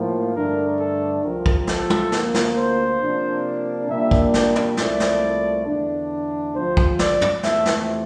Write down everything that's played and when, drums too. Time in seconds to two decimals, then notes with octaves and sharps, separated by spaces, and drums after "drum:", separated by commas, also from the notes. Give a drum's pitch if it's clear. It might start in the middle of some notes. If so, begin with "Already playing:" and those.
Already playing: A2 F3 A#3
0.35 G2 D3 A3 D4 A#4
0.79 A4
1.24 C2 C3 F3 A#4
1.46 drum: kick
1.67 A4, drum: snare
1.90 drum: tom
2.12 D2 C3 F3 A#3, drum: snare
2.34 drum: snare
2.56 C5
3.01 C3 F3 A#3 D4
3.89 A#2 G3 A#3 D4 E5
4.11 drum: kick
4.34 D5, drum: snare
4.56 drum: tom
4.77 C2 A#2 F3 A3 E4 D5, drum: snare
5.00 drum: snare
5.66 E2 D3 A3 D4
6.55 D2 C3 F3 C5
6.77 drum: kick
6.99 D5, drum: snare
7.21 drum: tom
7.43 E2 C3 F3 A3 E5, drum: snare
7.66 drum: snare